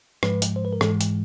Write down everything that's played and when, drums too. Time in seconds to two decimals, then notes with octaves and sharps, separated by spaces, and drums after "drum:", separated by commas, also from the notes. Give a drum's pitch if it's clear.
0.23 G#2 F3 G#3 B4, drum: rim click
0.42 drum: hi-hat
0.56 C5
0.65 B4
0.73 A#4
0.81 G#2 E3 G#3 A4, drum: rim click
1.01 drum: hi-hat